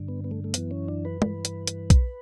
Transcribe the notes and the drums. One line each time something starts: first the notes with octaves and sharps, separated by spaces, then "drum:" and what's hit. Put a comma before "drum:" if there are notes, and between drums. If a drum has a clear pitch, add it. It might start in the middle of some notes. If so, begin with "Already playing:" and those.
Already playing: G2 D3
B3
B3
A3
A3
F#2 E3 B3, drum: hi-hat
C#4
D4
B4
G2 E3, drum: tom
drum: hi-hat
drum: hi-hat
drum: kick, hi-hat